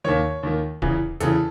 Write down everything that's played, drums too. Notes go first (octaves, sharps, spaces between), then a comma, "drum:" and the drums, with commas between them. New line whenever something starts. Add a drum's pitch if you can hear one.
D#2 D#3 C#5
D#2 D#3
E2 C#3 E3, drum: kick D1
E2 C#3 E3 A4, drum: hi-hat